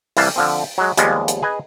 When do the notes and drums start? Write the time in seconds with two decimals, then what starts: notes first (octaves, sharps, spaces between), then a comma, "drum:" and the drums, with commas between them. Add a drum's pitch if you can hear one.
0.17 C2 E3 G3 F5 A5, drum: open hi-hat
0.36 D3 F3 C4
0.78 F#3 G#3
0.97 D#2 F3 G3 G#3 B3, drum: hi-hat
1.28 drum: hi-hat
1.43 G#4 B4 D#5 G#5